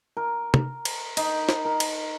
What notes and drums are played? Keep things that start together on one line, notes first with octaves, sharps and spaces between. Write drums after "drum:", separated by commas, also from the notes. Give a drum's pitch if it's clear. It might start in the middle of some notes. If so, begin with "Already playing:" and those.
A#4
drum: tom
drum: cymbal
D#4, drum: cymbal
drum: snare
A#4
drum: cymbal